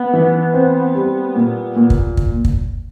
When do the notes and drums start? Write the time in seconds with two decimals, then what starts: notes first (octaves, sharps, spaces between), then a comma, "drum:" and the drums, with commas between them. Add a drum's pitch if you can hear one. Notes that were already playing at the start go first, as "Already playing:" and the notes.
Already playing: B3
0.13 E3
0.54 C4
0.95 G3
1.36 A#2
1.76 A#2
1.90 drum: kick
2.17 drum: kick
2.45 drum: kick